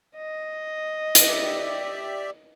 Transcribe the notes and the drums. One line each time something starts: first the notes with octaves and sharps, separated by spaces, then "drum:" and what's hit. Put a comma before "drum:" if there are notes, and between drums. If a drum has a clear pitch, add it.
D#5
drum: hi-hat
G4 D5 E5